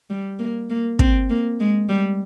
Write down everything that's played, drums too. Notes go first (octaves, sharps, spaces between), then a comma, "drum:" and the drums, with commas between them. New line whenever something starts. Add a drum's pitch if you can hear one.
G3
A#3
A#3
C4, drum: kick
A#3
G#3
G3